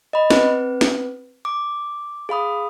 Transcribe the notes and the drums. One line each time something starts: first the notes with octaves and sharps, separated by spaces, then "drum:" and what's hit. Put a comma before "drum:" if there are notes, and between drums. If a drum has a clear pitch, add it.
D#5 B5
C4 B4, drum: snare
drum: snare
D6
G#4 F5 B5 D#6